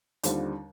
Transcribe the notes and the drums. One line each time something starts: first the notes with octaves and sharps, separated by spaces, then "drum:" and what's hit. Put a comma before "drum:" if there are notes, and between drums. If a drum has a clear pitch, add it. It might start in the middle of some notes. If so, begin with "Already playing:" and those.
D#2 D3 G3 C4 F4, drum: hi-hat